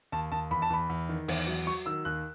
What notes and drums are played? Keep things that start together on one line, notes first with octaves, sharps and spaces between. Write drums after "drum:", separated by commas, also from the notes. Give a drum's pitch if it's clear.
D#2 A5
D#2 A5
E2 B5
A5
E2 B5
E2
D#3
E2, drum: open hi-hat
F#3
F#3 C#6
D#3 E6
D#2 F#6